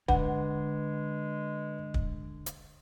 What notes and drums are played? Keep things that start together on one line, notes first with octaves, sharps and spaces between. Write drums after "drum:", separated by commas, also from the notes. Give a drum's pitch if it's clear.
D3 G#3 B4 F#5, drum: kick
drum: kick
drum: hi-hat